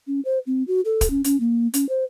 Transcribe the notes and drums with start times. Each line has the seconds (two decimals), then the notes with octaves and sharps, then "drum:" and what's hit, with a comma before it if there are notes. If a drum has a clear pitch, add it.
0.07 C#4
0.25 C5
0.47 C4
0.68 F#4
0.85 A4
1.01 drum: kick, hi-hat
1.10 C#4
1.24 C#4, drum: hi-hat
1.40 A#3
1.74 C#4, drum: hi-hat
1.89 C5